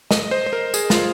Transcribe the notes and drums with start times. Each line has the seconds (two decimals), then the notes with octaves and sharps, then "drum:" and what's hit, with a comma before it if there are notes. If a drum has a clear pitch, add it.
0.11 D#5, drum: snare
0.31 C5
0.46 C5
0.53 A#4
0.74 G#4, drum: tambourine
0.90 F4, drum: snare